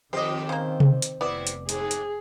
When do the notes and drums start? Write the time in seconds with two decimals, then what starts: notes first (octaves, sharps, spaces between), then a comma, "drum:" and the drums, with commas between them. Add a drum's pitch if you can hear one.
0.13 F2 D#3 C4 G4 C5 D#5
0.49 C#3 A#3 C5
0.80 drum: tom C3
1.02 drum: hi-hat
1.21 F1 C3 B3 E4 D5
1.47 drum: hi-hat
1.69 G#2 G#4, drum: hi-hat
1.91 drum: hi-hat